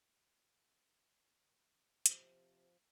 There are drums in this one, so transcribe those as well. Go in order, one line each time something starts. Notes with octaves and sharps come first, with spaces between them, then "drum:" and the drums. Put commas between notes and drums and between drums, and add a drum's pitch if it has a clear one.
C3 F3 C4, drum: hi-hat